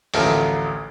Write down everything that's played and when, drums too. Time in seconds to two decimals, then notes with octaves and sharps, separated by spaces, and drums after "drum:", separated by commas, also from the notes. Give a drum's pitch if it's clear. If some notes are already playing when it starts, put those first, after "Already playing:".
0.14 A1 D2 F3 A4 A#4 E5, drum: open hi-hat